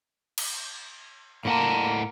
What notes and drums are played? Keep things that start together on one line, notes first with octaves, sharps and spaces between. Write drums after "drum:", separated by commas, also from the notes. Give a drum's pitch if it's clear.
drum: cymbal
A2 A#3 F#5 A5